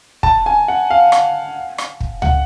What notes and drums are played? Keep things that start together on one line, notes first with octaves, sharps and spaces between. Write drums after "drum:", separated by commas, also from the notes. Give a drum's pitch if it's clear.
A5, drum: kick
G#5
F#5
F5
drum: rim click
drum: rim click
drum: kick
F#5, drum: tom C#2